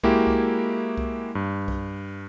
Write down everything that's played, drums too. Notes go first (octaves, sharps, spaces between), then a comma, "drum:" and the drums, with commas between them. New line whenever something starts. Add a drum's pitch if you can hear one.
G#3 A#3 E4 F#4 G4, drum: kick B1
drum: kick B1
drum: kick B1
G2
drum: kick B1